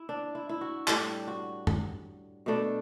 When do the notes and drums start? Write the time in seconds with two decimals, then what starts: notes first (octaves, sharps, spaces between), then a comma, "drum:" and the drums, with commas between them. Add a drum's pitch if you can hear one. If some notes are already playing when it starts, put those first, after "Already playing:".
Already playing: E4
0.09 D4
0.35 E4
0.49 E4
0.61 F#4
0.88 A2 G3 D4 G4, drum: clap
1.27 F#4
1.67 drum: tom F#2
2.46 B2 A3 D4